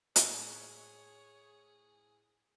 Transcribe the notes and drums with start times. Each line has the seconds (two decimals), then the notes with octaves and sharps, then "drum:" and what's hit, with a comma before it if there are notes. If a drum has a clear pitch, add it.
0.16 A2 G#4 C5 C#5, drum: hi-hat